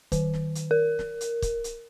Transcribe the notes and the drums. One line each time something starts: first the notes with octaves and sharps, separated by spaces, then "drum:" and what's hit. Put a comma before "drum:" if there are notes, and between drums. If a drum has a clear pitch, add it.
D#3, drum: kick, hi-hat
drum: snare
drum: hi-hat
A#4
drum: snare
drum: hi-hat
drum: kick, hi-hat
drum: hi-hat